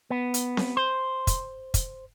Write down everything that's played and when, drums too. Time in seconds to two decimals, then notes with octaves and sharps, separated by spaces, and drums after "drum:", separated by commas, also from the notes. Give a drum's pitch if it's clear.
0.10 B3
0.34 drum: hi-hat
0.57 drum: snare C4
0.77 C5
1.27 drum: kick, hi-hat
1.74 drum: kick, hi-hat